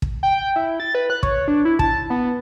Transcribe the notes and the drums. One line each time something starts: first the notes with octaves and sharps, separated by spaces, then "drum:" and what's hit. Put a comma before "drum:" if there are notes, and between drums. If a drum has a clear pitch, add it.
drum: kick
G5
E4
A6
B4
F#6
C#5, drum: kick
D4
E4
A5, drum: kick
B3